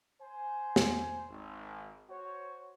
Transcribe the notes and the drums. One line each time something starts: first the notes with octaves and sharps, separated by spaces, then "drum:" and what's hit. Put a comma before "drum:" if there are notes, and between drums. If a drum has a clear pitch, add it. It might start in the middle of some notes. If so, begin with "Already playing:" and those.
C5 G#5
drum: snare
G#1
F#4 C5 C#5